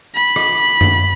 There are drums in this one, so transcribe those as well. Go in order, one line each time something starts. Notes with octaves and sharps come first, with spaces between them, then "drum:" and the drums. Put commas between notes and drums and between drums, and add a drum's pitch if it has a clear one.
B5
drum: rim click
drum: tom F#2